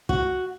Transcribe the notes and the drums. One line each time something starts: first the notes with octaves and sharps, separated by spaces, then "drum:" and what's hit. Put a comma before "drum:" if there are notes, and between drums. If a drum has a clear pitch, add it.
F#4, drum: kick